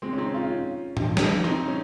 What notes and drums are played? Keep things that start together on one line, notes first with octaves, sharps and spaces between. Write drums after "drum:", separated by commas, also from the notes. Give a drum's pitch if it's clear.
G#3 C4
C#4
C4 D#4
C#4 F4
drum: tom G#2
drum: snare
C4 D#4
C#4